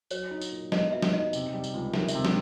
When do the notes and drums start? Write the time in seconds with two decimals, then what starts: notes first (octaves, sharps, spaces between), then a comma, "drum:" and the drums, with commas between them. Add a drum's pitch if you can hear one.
0.10 F#3 C#5, drum: tambourine
0.31 D#4
0.41 drum: tambourine
0.52 A#2
0.72 B3 D#5, drum: snare
0.92 F#3 E5
1.03 drum: snare
1.13 D#4 D#5
1.33 C3, drum: tambourine
1.54 G3
1.64 drum: tambourine
1.74 C#2
1.94 D#3 E5, drum: snare
2.08 E5, drum: tambourine
2.15 C3
2.25 drum: snare